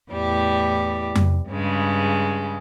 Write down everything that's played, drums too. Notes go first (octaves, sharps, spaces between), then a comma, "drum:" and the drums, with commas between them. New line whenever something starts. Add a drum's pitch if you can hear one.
E2 A2 G3 G4
drum: tom F2
G2 C#3 G#3